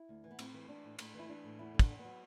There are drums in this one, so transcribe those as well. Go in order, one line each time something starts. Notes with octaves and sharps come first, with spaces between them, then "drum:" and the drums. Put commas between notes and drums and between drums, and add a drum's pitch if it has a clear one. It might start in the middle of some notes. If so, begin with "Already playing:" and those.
Already playing: E4
D2
E3
B3
A2 C4, drum: cymbal
E3
E3 D4
A2
A2 D4, drum: cymbal
E3 E4
E3 D4
A2
E2 E4
D3
D4, drum: kick, cymbal
E2
B3
F#3